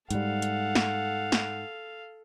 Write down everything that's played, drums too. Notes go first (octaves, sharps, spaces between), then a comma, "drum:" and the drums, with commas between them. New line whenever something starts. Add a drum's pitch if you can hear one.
G#2 G3 A4 F5 F#5, drum: hi-hat
drum: hi-hat
drum: snare
drum: snare